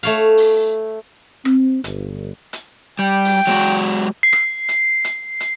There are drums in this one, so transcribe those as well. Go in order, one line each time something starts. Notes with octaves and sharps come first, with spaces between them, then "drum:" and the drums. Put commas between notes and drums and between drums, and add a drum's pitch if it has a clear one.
A3 C#5 F5, drum: hi-hat
drum: open hi-hat
C4, drum: rim click
G1, drum: hi-hat
drum: hi-hat
G3 G5
drum: open hi-hat
F#3 G#3 F#4
drum: hi-hat
C7
drum: rim click
drum: hi-hat
drum: hi-hat
drum: hi-hat